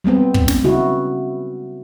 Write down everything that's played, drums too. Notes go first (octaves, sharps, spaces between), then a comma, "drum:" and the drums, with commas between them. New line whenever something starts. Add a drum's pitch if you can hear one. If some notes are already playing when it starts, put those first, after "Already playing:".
G3 G#3 B3 C4
drum: kick
drum: snare
C#3 E4 F#4